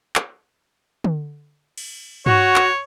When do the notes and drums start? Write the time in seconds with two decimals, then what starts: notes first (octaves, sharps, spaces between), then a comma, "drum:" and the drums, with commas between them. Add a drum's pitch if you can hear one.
0.16 drum: clap
1.04 drum: tom D3
1.78 drum: cymbal
2.26 F#4 C#5, drum: tom G2
2.56 drum: clap